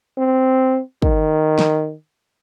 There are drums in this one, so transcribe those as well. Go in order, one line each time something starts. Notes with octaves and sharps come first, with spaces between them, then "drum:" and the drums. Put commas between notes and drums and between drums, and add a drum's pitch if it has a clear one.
C4
D#3, drum: kick
drum: snare